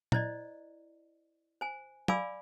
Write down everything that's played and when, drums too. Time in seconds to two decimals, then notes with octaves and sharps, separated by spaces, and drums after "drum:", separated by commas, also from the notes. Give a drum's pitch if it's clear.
0.12 E4 C5 D5 D#5, drum: tom A#2
1.61 C5 G#5
2.08 D5 F5 G#5 B5 D6 E6, drum: tom